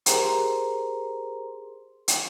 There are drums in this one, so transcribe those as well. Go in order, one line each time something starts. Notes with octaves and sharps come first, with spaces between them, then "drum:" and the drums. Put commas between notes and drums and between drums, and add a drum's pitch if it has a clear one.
G4 G#4 A#4 C5 A#5 C6, drum: hi-hat
drum: hi-hat